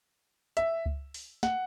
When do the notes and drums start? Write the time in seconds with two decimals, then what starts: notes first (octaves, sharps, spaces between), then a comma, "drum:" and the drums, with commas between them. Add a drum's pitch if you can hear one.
0.57 E5, drum: hi-hat
0.86 drum: kick C#2
1.14 drum: open hi-hat
1.43 F#5, drum: snare